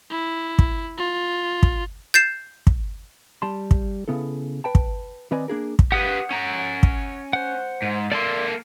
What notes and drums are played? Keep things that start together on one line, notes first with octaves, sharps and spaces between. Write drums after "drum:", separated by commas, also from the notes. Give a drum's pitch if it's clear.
E4
drum: kick
F4
drum: kick
G6 A6 C7 E7
drum: kick
G3 A5 C6
drum: kick
C#3 B3 E4 A4
B4 G5 A5
drum: kick
D#3 C4 B4 D5 D#5 G#5
A#3 D4 G#4 A#4
drum: kick
G4 B4 F#5 D#6
C#4 A#5
drum: kick
C5 F#5
G#2
A#3 A4 D5 A5 C6